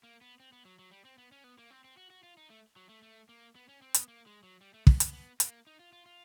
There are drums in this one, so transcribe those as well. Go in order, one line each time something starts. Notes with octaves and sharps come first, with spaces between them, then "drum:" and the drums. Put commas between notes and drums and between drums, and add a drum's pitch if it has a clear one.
A#3
B3
C4
B3
F#3
F#3
G3
C4
B3
C#4
B3
A#3
C4
C4
F#4
F#4
F4
D#4
A3
F#3
A3
A3
A#3
B3
C#4
C4
B3, drum: hi-hat
A#3
G#3
F#3
G3
A3
B3, drum: kick
B3, drum: hi-hat
B3
A#3, drum: hi-hat
D#4
F4
F4
F4